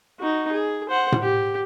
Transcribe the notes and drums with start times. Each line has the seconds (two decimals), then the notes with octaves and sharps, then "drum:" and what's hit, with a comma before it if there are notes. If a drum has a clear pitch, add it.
0.20 D#4 F#4
0.52 G#4
0.89 C5 F#5
1.12 drum: tom A2
1.22 G4